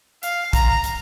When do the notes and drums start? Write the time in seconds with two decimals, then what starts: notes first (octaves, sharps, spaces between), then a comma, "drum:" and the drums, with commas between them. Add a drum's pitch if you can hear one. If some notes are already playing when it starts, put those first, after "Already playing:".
0.23 F5, drum: hi-hat
0.53 A#5, drum: kick, hi-hat
0.84 drum: hi-hat